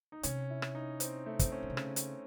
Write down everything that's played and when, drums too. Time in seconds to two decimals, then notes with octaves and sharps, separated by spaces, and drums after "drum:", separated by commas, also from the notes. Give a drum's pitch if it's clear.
0.12 D#4
0.23 C3 C#4, drum: hi-hat
0.50 E4
0.62 drum: rim click
0.75 D#4
1.00 C4, drum: hi-hat
1.26 A3
1.39 C4, drum: kick, hi-hat
1.52 C#4
1.63 A2
1.70 C3
1.77 C#3, drum: rim click
1.96 drum: hi-hat